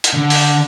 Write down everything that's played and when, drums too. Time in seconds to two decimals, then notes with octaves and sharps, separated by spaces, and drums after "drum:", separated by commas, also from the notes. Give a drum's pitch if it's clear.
0.04 drum: hi-hat
0.13 D3
0.30 drum: open hi-hat